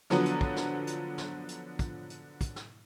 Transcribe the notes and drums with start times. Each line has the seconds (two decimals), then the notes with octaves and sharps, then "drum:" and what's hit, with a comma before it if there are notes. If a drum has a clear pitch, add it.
0.10 D3 F3 F#3 B3, drum: snare
0.26 drum: hi-hat
0.41 drum: kick
0.56 drum: snare
0.87 drum: hi-hat
1.18 drum: snare
1.49 drum: hi-hat
1.79 drum: kick, hi-hat
2.10 drum: hi-hat
2.41 drum: kick, hi-hat
2.56 drum: snare